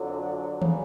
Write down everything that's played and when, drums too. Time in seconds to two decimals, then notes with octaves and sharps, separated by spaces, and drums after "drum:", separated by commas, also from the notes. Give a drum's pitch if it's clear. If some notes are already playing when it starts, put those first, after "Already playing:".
Already playing: F2 D3 F#3
0.62 C#3 E3, drum: tom D#3